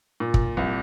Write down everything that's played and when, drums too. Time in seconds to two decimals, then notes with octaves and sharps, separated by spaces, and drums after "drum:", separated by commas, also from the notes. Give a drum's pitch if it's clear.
0.20 A#2
0.34 drum: kick
0.57 C2